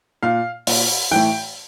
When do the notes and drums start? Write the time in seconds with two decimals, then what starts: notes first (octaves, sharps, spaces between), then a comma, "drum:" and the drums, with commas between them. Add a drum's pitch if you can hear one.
0.23 A#2 F5
0.67 A#2, drum: open hi-hat
1.11 A2 E3 G5